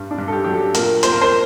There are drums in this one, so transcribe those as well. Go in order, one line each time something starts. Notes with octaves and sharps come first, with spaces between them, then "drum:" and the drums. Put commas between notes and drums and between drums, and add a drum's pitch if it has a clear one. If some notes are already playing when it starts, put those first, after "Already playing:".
Already playing: G2 G3
D4
G2
A4
G4
F#3 G4
A4
A#2 A#4, drum: hi-hat
A#2 C5, drum: hi-hat
A#4
C5